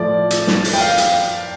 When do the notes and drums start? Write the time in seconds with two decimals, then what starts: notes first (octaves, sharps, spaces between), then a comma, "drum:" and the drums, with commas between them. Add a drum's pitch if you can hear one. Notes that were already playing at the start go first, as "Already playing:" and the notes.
Already playing: A2 F3 A3 D5
0.30 drum: hi-hat
0.47 drum: snare
0.64 drum: open hi-hat
0.73 G5
0.81 F5
0.98 drum: hi-hat